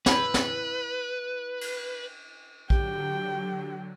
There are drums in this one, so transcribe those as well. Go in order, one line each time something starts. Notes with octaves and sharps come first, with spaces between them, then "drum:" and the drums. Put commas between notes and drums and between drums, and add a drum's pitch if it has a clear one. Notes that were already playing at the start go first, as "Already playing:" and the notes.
E4 B4 G6, drum: snare
drum: snare
drum: cymbal
D3 F#3 G4 G5, drum: kick A#1